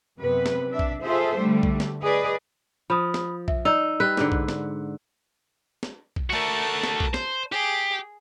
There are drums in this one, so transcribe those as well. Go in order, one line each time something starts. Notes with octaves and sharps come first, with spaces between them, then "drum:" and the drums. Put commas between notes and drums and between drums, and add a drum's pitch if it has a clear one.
F#2 C3 B3 B4
drum: snare
D4 E5
drum: kick B1
F4 G#4 A4 C5 E5
D3 G3 A3
drum: kick B1
drum: snare
G#4 B4 D5 D#5
F3 B5 D#6
drum: snare
E5, drum: kick B1
D#4 D5 E6
G3 B4
G#2 D3, drum: snare
drum: kick B1
drum: snare
drum: snare
drum: kick B1
A3 F#4 A#4 A5
drum: snare
drum: kick B1
C5, drum: snare
G4 G#4